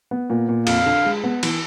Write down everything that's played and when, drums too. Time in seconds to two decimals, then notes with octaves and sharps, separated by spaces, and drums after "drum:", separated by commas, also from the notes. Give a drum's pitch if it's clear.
0.11 B3
0.30 A#2
0.49 A#2
0.67 F2 F5, drum: cymbal
0.86 D3
1.05 G#3
1.24 B3
1.43 E3, drum: cymbal